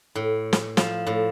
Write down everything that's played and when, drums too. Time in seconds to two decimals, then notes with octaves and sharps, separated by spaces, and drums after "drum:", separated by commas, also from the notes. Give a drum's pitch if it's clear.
0.15 A2
0.53 drum: snare
0.77 F3, drum: snare
1.07 A2